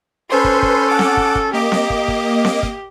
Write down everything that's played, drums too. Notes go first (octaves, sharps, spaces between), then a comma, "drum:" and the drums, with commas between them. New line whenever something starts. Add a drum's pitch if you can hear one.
C#4 A4 B4 C5 C6
drum: kick
drum: kick
F#5 A5 D6
drum: snare C4
drum: kick
drum: kick
A#3 G4 D#5 D6
drum: snare C4
drum: kick
drum: kick
drum: snare C4
drum: kick